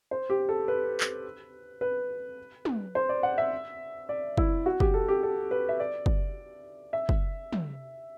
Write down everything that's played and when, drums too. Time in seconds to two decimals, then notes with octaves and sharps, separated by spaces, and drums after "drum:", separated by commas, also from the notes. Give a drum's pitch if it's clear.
0.11 C5
0.30 G4
0.49 A4
0.68 B4
1.00 drum: clap
1.81 B4
2.65 drum: tom
2.95 C5
3.09 D5
3.23 F#5
3.38 E5
4.09 D5
4.38 E4, drum: kick
4.66 F#4
4.80 G4, drum: kick
4.94 A4
5.08 G4
5.23 A4
5.51 B4
5.69 E5
5.80 D5
6.06 drum: kick
6.93 E5
7.09 drum: kick
7.53 drum: tom